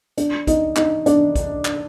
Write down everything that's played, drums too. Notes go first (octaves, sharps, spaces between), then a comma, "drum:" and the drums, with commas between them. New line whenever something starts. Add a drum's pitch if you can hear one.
D4, drum: hi-hat
D#4, drum: kick, hi-hat
D#4, drum: clap
D4, drum: hi-hat
drum: kick, hi-hat
drum: clap